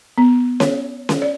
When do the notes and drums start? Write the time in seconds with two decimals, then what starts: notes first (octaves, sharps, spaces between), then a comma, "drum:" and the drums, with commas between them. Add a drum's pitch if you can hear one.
0.18 B3
0.60 C#5, drum: snare C#4
1.09 drum: snare C#4
1.22 D5